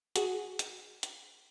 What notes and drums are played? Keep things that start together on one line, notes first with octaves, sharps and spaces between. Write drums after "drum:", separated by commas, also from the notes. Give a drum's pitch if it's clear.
F#4 G#4, drum: hi-hat
drum: hi-hat
drum: hi-hat